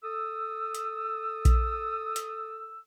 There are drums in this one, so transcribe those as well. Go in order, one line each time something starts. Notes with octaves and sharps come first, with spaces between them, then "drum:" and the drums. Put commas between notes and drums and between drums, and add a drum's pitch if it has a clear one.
A4 D#6 E6
drum: hi-hat
drum: kick A#1, hi-hat
drum: hi-hat